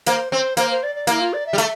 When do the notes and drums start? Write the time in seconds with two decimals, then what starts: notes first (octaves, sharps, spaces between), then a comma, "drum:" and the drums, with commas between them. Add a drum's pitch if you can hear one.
0.06 A#3 C5, drum: hi-hat
0.32 C4 C5
0.57 A#3 C5, drum: hi-hat
0.70 C5
0.83 D5
0.95 D5
1.07 A#3 E4, drum: hi-hat
1.20 F4
1.33 D5
1.46 E5
1.53 G3
1.58 A3 E5, drum: hi-hat